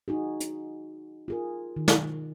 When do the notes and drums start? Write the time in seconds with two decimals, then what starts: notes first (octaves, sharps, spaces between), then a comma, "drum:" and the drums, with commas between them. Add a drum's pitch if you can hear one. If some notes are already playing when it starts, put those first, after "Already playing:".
0.08 D#4 F#4 G#4
0.40 drum: hi-hat
1.28 F4 G#4 A#4
1.76 D#3
1.88 drum: snare